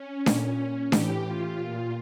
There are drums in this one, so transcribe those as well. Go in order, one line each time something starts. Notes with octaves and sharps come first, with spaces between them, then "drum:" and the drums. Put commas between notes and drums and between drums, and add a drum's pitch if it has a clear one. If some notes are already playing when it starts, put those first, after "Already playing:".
Already playing: C#4
A#2, drum: snare D4
A2 E3 G4, drum: snare D4
F4
A#2